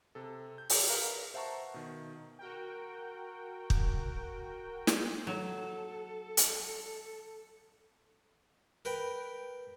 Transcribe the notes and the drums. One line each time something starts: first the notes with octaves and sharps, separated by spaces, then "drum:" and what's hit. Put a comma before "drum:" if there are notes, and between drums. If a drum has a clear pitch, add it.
C3 A4
G6
drum: open hi-hat
A#4 B4 F5 A#5
C5 E5 F#5 A5 A#5 C#6
B2 D#3
F#4 A#4 G5
drum: kick
drum: snare
F#3 A4
drum: hi-hat
A#4 B4 G5